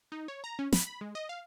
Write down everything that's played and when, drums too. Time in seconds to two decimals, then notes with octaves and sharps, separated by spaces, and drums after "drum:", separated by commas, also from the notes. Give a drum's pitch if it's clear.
0.12 D#4
0.28 C#5
0.44 A#5
0.59 C#4
0.73 B5, drum: snare
0.87 B5
1.01 G#3
1.15 D#5
1.29 F5